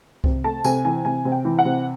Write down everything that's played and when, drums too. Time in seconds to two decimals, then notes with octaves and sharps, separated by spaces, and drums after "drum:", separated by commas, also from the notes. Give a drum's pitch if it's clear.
0.24 C3, drum: kick C2
0.44 A3 A5
0.64 C3 G#5, drum: tambourine
0.85 E3 G#5
1.05 C3 G#5
1.25 C3
1.32 G5
1.45 E3
1.59 F#5
1.65 C3